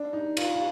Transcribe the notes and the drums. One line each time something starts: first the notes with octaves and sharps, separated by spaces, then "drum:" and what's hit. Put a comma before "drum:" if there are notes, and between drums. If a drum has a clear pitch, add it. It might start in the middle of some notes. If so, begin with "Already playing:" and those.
Already playing: D4
D#4
F4, drum: cymbal
F4